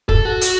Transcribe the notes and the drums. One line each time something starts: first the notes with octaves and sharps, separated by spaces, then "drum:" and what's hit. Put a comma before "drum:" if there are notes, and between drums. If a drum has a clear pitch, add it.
A4, drum: kick
F#4
drum: hi-hat